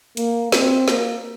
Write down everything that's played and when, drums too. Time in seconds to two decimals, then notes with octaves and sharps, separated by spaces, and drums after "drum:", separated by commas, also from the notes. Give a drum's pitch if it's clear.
0.17 A#3, drum: hi-hat
0.52 C4, drum: snare
0.88 A#3, drum: snare